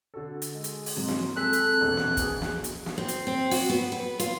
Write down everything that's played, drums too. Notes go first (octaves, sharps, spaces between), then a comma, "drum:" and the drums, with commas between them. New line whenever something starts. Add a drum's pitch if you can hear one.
D3 F#4 A4
drum: hi-hat
G#3
drum: hi-hat
drum: open hi-hat
G#2 F#3 C4
drum: snare
G#4 A4 E6 F#6 B6
drum: hi-hat
A#1 E2 B2
drum: snare
G#4, drum: kick, hi-hat
drum: snare
drum: hi-hat
drum: snare
C4
drum: hi-hat
C4
F#4, drum: open hi-hat
B3
B4
F4, drum: hi-hat